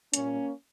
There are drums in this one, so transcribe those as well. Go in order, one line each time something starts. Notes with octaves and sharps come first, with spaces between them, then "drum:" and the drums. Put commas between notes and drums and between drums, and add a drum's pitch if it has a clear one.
A#2 G3 A#3 C#4, drum: hi-hat